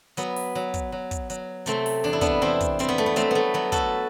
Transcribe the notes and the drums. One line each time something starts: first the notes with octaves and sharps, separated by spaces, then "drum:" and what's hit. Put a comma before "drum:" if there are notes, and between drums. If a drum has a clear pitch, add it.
F#3 B3, drum: hi-hat
drum: open hi-hat
F#3
drum: kick, hi-hat
F#3
drum: kick, hi-hat
F#3, drum: hi-hat
C3 A3 C4, drum: hi-hat
drum: open hi-hat
E2 D4
E4
B3 D4, drum: kick, hi-hat
E2 C4 E4
drum: kick, hi-hat
G3 C4, drum: hi-hat
B3
A3
B3
F#3 A3 C4, drum: hi-hat
A3 B3
F#3 B3
F#4 A4, drum: kick, hi-hat